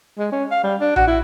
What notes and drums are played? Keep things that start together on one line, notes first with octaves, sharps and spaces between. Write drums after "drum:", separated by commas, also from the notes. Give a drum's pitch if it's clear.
G#3
C#4
F5
G3
D4
F#4, drum: tom A#1
E4